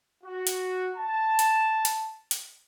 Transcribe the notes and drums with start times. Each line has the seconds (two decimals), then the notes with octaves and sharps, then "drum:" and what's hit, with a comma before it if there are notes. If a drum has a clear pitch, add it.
0.24 F#4
0.47 drum: hi-hat
0.97 A5
1.39 drum: hi-hat
1.85 drum: hi-hat
2.31 drum: hi-hat